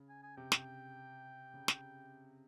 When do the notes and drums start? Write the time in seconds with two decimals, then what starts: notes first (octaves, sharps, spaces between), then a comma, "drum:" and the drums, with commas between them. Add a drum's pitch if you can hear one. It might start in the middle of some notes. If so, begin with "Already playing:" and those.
Already playing: C#3
0.09 G#5
0.23 G#5
0.37 C3 G5
0.52 C3, drum: snare
1.54 C#3
1.68 drum: snare